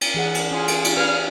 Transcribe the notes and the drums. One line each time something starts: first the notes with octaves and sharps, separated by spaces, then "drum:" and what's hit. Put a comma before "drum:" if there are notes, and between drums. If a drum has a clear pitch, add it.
drum: cymbal
E3 G#4 F#5
drum: cymbal
C#4 F4 G#4
drum: cymbal
drum: cymbal
G#4 B4 F5 F6